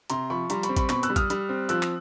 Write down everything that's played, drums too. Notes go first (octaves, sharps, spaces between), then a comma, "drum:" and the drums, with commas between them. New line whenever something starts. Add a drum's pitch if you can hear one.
C3 A#5 C6, drum: hi-hat
F3 B5 C#6
G3 A#5 C6, drum: hi-hat
B5 C#6, drum: hi-hat
C4
B5 C#6, drum: kick A1, hi-hat
B2 B5 C#6, drum: clap
E6 F#6, drum: hi-hat
G3
D#6 F6, drum: kick A1, hi-hat
G3, drum: hi-hat
C4
F3 E6 F#6, drum: hi-hat
drum: clap